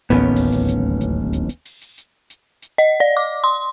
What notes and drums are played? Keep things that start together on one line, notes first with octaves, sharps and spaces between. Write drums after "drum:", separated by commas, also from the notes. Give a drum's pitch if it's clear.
D1 A1 D#2 B3 C#4
drum: open hi-hat
drum: hi-hat
drum: hi-hat
drum: hi-hat
drum: hi-hat
drum: hi-hat
drum: open hi-hat
drum: hi-hat
drum: hi-hat
drum: hi-hat
drum: hi-hat
D#5, drum: hi-hat
D5
D6
C6